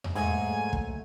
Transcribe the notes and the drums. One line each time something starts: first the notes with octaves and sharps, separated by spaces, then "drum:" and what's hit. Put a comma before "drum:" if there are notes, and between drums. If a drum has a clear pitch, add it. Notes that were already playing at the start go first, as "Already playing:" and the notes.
drum: tom E2
G#2 F#3 A3 A#3 G#5
drum: kick